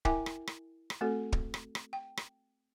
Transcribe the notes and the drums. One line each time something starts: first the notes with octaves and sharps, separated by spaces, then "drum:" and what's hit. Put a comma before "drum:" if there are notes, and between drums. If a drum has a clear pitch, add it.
E4 A#4 E5 G5 G#5 D6, drum: kick
drum: rim click
drum: rim click
drum: rim click
A3 C4 F#4 A4
drum: kick
drum: rim click
drum: rim click
G5
drum: rim click